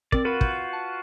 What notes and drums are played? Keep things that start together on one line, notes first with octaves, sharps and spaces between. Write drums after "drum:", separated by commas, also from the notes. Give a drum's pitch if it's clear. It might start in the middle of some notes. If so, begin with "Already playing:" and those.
C4 A#4 D5, drum: kick
F4 F#4 A#4 B4 B5
G6, drum: kick
A5